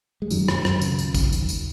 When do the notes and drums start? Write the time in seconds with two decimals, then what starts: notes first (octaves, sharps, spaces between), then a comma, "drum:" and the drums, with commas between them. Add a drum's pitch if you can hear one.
0.22 G#3
0.30 F#2 D#3 F#3, drum: tambourine
0.48 F#2, drum: rim click
0.65 F#2, drum: rim click
0.81 C#3, drum: tambourine
0.99 D#2, drum: tambourine
1.14 D#2, drum: kick, tambourine
1.33 D#2, drum: tambourine
1.49 drum: tambourine